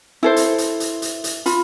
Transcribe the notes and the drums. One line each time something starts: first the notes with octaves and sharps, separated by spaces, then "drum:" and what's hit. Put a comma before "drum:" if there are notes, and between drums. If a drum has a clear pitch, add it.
E4 A4 C5
drum: hi-hat
drum: hi-hat
drum: hi-hat
drum: hi-hat
drum: hi-hat
F4 B5, drum: hi-hat